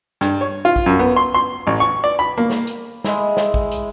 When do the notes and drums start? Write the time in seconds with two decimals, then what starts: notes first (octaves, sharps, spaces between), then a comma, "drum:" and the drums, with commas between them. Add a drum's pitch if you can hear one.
0.21 G2, drum: snare
0.41 C#5
0.65 F4
0.76 drum: kick
0.86 F#2
0.99 B3
1.16 C6
1.34 C6
1.67 A1
1.80 C#6
2.04 D5
2.19 B5
2.38 A#3
2.50 drum: snare
2.67 drum: hi-hat
3.04 G#3 E4, drum: snare
3.37 drum: snare
3.54 drum: kick
3.71 drum: hi-hat